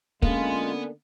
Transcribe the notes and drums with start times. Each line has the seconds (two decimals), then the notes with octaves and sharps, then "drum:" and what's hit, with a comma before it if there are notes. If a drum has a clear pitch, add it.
0.22 D3 G#3 A#3 B3 C#4 F4, drum: kick